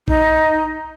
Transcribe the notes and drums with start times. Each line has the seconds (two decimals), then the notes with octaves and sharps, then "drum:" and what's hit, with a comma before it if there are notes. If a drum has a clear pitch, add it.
0.08 D#4, drum: kick B1